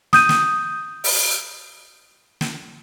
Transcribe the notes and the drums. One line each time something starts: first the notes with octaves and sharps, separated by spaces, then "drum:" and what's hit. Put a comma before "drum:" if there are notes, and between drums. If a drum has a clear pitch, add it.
D#6 G6 D#7, drum: snare
drum: snare
drum: open hi-hat
drum: snare